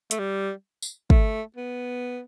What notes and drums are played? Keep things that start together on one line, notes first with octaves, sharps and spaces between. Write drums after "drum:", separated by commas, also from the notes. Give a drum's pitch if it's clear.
A3, drum: hi-hat
G3
drum: tambourine
A3, drum: kick
B3